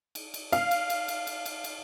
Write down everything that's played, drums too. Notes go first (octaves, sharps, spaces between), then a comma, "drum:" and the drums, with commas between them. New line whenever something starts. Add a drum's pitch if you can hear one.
drum: cymbal
drum: cymbal
F5, drum: cymbal
drum: cymbal
drum: cymbal
drum: cymbal
drum: cymbal
drum: cymbal
drum: cymbal